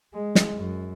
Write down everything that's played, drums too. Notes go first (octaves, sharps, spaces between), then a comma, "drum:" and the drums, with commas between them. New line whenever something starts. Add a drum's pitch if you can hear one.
G#3
drum: snare
F#2